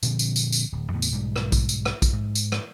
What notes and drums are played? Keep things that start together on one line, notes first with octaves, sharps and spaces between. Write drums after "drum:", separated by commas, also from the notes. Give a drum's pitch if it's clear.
A#2 D3 F3 C4, drum: tambourine
drum: tambourine
drum: tambourine
drum: tambourine
D1
E2 A2 C#3 B3
drum: tambourine
B1 G#2 G3
drum: rim click
drum: kick A#1, tambourine
drum: tambourine
drum: rim click
drum: kick A#1, tambourine
G#2
drum: tambourine
drum: rim click